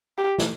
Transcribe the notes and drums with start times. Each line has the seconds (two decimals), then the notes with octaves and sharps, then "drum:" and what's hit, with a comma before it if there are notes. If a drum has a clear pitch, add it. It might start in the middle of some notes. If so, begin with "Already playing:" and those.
0.18 G4
0.38 drum: snare